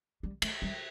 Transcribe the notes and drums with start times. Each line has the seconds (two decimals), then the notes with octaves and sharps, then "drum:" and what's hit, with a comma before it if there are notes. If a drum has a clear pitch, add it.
0.23 G3
0.42 A3, drum: cymbal
0.62 G3